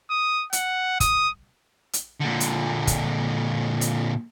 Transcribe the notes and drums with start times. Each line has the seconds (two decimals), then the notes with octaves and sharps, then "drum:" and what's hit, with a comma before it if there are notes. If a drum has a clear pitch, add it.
0.10 D#6
0.53 F#5, drum: hi-hat
1.00 D#6, drum: kick, hi-hat
1.93 drum: hi-hat
2.21 A#2 D3
2.40 drum: hi-hat
2.87 drum: kick, hi-hat
3.81 drum: hi-hat